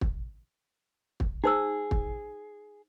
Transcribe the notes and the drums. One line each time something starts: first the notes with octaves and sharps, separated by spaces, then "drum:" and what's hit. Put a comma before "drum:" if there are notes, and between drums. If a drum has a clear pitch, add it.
drum: kick
drum: kick
D#4 G#4 C5 E6
drum: kick